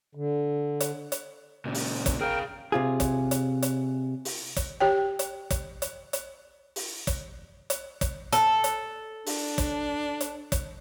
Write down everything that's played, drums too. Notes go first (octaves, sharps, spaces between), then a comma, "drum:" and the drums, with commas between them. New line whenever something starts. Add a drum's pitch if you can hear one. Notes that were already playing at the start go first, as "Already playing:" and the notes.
D3
drum: hi-hat
drum: hi-hat
A#2 C#3
drum: open hi-hat
drum: kick, hi-hat
G#4 A#4 F5 G5
C3 F4 G#4
drum: kick, hi-hat
drum: hi-hat
drum: hi-hat
drum: open hi-hat
drum: kick, hi-hat
G4 C#5 G5
drum: hi-hat
drum: kick, hi-hat
drum: hi-hat
drum: hi-hat
drum: open hi-hat
drum: kick, hi-hat
drum: hi-hat
drum: kick, hi-hat
A4, drum: hi-hat
drum: hi-hat
D4, drum: open hi-hat
drum: kick, hi-hat
drum: hi-hat
drum: kick, hi-hat